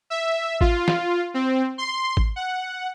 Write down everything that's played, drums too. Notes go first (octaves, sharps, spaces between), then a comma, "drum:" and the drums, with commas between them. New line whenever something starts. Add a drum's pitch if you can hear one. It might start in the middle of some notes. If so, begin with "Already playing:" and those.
E5
F4, drum: kick G#1
drum: snare
C4
C6
drum: kick G#1
F#5